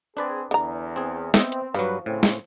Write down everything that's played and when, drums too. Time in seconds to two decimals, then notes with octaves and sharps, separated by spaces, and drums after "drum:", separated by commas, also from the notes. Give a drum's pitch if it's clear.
0.17 C4 D4 G#4 B4 D5
0.51 E2 D3 A#5
0.96 C4 G#4
1.34 B3 C4 D#5 E5 G5, drum: snare
1.52 drum: hi-hat
1.74 G2 F3 F#3 F#4 B4
2.06 A2 C#3 C4
2.23 drum: snare